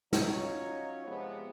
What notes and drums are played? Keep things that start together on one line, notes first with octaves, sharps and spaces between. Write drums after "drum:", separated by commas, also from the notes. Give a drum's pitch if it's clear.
F#3 C#4 D#4 F4 C#5, drum: snare
C3 F3 G#3 B3